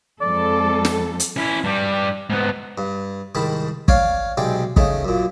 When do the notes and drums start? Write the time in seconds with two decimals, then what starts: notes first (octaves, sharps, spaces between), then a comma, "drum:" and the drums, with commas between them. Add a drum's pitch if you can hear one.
0.21 F2 G#3 A4 D5
0.85 drum: snare
1.20 drum: hi-hat
1.36 C#4 E4
1.64 G2 G3
2.30 G#2 B3
2.78 G2
3.35 C2 G#2 D#3 A5 B5
3.88 C#5 D5 F5 D6, drum: kick
4.37 B1 C3 G#3 D5 G5
4.76 C#3 A3 D#4, drum: kick
5.05 F#2 A#2